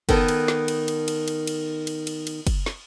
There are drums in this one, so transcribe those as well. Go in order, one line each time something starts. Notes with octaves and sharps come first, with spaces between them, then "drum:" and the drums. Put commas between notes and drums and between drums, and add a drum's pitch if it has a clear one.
D#3 B3 A4, drum: kick F#1, cymbal
drum: cymbal
drum: snare
drum: cymbal
drum: cymbal
drum: cymbal
drum: cymbal
drum: cymbal
drum: cymbal
drum: cymbal
drum: cymbal
drum: kick F#1, cymbal
drum: snare